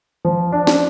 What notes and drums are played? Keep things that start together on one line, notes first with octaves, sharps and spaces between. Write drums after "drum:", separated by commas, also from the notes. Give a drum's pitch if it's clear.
F3
D4
drum: snare